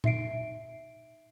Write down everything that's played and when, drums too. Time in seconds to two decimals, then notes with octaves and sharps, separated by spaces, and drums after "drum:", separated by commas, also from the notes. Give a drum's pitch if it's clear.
0.04 D#4 E5 C7 D7, drum: tom